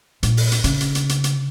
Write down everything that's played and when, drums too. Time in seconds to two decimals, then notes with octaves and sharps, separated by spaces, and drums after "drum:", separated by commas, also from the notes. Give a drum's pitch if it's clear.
0.23 A#2, drum: hi-hat
0.37 drum: open hi-hat
0.52 drum: hi-hat
0.64 C#3, drum: hi-hat
0.80 drum: hi-hat
0.95 drum: hi-hat
1.09 drum: hi-hat
1.24 drum: hi-hat